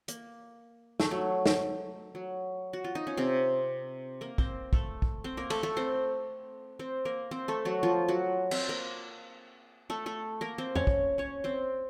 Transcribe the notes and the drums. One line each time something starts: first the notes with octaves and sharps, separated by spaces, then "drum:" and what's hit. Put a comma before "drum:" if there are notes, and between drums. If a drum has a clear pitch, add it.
A#3, drum: hi-hat
A3, drum: snare
F#3
drum: snare
F#3
F#4
F4
D#4
C#4
C3 C4
A#3 A#4
C4 C5, drum: kick
A3 A4, drum: kick
drum: kick
C4 C5
A#3 A#4
A3 A4, drum: cymbal
A3 A4
C4 C5
C4 C5
A#3 A#4
C4 C5
A3 A4
F#3 F#4
F3 F4
F#3 F#4
C4 C5, drum: cymbal
A#3 A#4
A3 A4
A3 A4
A#3 A#4
C4 C5
C#4 C#5, drum: tom E2
drum: kick
C#4 C#5
C4 C5